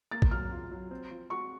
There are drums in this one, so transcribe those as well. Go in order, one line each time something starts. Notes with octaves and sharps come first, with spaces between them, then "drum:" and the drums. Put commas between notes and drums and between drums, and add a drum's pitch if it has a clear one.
A#3 A6
drum: kick
F#3 F6
F4
F#3
C4
F3
F#4 C#6